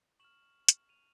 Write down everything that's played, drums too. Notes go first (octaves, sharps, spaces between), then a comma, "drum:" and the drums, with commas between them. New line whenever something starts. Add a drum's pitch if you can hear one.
C#6 F6 E7 F#7
drum: hi-hat
D#7 F7